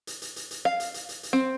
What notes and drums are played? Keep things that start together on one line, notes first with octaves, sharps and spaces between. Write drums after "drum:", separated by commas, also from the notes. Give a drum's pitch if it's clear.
drum: hi-hat
drum: hi-hat
drum: hi-hat
drum: hi-hat
F5
drum: hi-hat
drum: hi-hat
drum: hi-hat
drum: hi-hat
C4